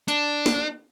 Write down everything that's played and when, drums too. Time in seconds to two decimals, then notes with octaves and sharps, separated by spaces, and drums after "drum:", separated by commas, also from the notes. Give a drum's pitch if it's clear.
0.08 D4, drum: hi-hat
0.46 drum: snare